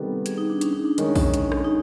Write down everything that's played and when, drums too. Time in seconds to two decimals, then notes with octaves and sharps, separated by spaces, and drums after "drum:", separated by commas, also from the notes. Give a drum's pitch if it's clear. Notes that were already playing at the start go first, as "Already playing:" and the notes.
Already playing: C3 D#3 G3 B3 A4
0.26 G#4, drum: hi-hat
0.38 D#4
0.50 D4
0.61 C#4, drum: hi-hat
0.73 D#4
0.85 D4
0.98 D#3 G#3 C#4, drum: hi-hat
1.16 drum: kick A#1, open hi-hat
1.34 drum: hi-hat
1.52 drum: rim click
1.64 D#4